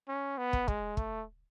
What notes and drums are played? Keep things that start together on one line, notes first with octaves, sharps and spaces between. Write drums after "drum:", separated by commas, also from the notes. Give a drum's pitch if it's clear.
C#4
B3
drum: kick
G#3, drum: kick
A3, drum: kick